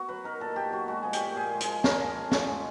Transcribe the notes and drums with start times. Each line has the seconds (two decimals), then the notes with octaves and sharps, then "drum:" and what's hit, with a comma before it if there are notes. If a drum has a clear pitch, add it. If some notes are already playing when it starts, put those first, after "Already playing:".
Already playing: B3 F#4
0.09 F#3 B4
0.24 D#4 A#4
0.40 A#2 A4
0.56 B3 G4
0.72 F#3 F#4
0.88 G#3 F#4
1.03 F3 G#4
1.13 G4, drum: hi-hat
1.20 A#2
1.36 A#2 G#4
1.53 G#3
1.61 G#4, drum: hi-hat
1.68 F3
1.84 G#3 A#4, drum: snare
2.00 F3
2.16 C#4
2.31 A2, drum: snare
2.48 G#3